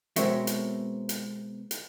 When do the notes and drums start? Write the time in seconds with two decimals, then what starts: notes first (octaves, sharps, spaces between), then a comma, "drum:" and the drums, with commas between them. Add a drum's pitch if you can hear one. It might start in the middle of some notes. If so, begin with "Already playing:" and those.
0.16 B2 G#3 C4 A#4 C#5 E5, drum: hi-hat
0.47 drum: hi-hat
1.09 drum: hi-hat
1.71 drum: hi-hat